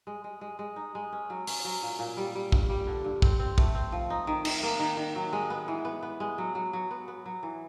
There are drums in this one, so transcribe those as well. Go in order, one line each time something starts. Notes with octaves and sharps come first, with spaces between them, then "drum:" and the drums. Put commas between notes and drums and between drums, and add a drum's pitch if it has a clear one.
G#3
G#3
G#3
G#3
D#4
G#3
C#4
F#3
C#4, drum: open hi-hat
F#3
A#2
A#2
G3
G3
G2, drum: kick A#1
G3
D3
G2
C4, drum: kick A#1
C4
A3, drum: kick A#1
C4
F3
D#4
D#3
D#3, drum: cymbal
A#3
D#3
D#3
F#3
G#3
B3
E3
B3
B3
G#3
F#3
F#3
F#3
B3
B3
F#3
E3